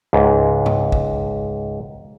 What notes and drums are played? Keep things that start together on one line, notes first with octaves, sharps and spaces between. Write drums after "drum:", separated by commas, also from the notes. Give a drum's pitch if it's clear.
C#2 G#2
drum: tom G#2
drum: kick A1